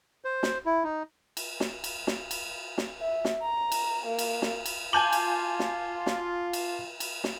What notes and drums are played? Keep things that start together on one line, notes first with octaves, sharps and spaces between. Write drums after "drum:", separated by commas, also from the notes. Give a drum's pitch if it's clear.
C5
drum: snare
E4
D#4
drum: cymbal
drum: snare
drum: cymbal
drum: snare
drum: cymbal
drum: snare
E5
drum: snare
A#5
drum: cymbal
A#3
drum: cymbal
drum: snare
drum: cymbal
F4 G#5 A5 D6 G6 F#7
drum: cymbal
drum: snare
drum: snare
drum: cymbal
drum: cymbal
drum: snare